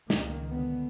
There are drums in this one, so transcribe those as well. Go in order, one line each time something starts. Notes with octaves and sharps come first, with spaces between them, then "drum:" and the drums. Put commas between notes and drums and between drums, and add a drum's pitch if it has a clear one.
C#2 D#3 A#3, drum: snare
D3 B3